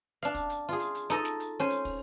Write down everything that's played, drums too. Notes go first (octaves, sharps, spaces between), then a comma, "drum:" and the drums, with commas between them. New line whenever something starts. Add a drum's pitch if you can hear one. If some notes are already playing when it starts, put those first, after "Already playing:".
D4 F5
drum: kick, hi-hat
drum: hi-hat
F4 G#4
drum: hi-hat
drum: hi-hat
D#4 A4 D#5, drum: snare
drum: snare
drum: hi-hat
C#4 C5 G#5
drum: hi-hat
drum: kick, open hi-hat